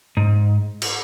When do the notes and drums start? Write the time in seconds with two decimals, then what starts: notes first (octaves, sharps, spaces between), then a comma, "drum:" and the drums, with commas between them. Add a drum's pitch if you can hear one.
0.17 G#2
0.82 drum: cymbal